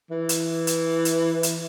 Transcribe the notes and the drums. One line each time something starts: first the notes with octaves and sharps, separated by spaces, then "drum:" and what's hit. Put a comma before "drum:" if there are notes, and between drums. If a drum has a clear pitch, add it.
E3
drum: hi-hat
drum: hi-hat
drum: hi-hat
drum: hi-hat